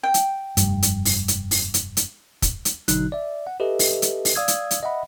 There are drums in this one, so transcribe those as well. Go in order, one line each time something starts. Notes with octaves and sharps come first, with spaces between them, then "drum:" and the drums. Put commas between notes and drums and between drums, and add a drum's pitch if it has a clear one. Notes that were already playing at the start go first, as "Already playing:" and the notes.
G5
drum: hi-hat
F1 G2, drum: hi-hat
drum: hi-hat
drum: open hi-hat
drum: hi-hat
drum: open hi-hat
drum: hi-hat
drum: hi-hat
drum: kick, hi-hat
drum: hi-hat
G#1 B2 D3 F#3 D#4 F#6, drum: hi-hat
D5 E5
F#5
G4 A4 B4 D#5 E5
drum: open hi-hat
drum: hi-hat
drum: open hi-hat
D5 F5 D#6 E6 G#6
drum: hi-hat
drum: hi-hat
D#5 E5 F#5 B5